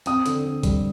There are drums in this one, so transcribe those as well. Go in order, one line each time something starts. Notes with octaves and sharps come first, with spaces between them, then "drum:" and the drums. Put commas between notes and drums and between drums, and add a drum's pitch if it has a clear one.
C4 D#6, drum: hi-hat
D3, drum: hi-hat
D3
G3, drum: kick, hi-hat